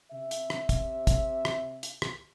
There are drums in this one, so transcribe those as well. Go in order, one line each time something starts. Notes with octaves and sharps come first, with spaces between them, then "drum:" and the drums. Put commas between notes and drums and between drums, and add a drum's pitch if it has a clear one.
C3 E5
drum: hi-hat
drum: rim click
drum: kick, hi-hat
drum: kick, hi-hat
drum: rim click
drum: hi-hat
drum: rim click